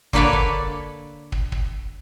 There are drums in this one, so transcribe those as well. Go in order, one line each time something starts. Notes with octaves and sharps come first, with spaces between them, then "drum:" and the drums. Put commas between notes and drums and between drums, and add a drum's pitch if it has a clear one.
D3 A#3 A4 B4 C#5 D5, drum: kick
drum: kick
drum: kick
drum: kick